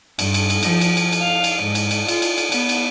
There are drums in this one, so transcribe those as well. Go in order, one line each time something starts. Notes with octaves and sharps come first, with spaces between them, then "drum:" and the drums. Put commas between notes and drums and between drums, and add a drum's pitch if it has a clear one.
G2, drum: cymbal
drum: cymbal
drum: cymbal
F3, drum: cymbal
drum: cymbal
drum: cymbal
drum: cymbal
F5
drum: cymbal
G#2
drum: cymbal
drum: cymbal
F4, drum: cymbal
drum: cymbal
drum: cymbal
B3, drum: cymbal
drum: cymbal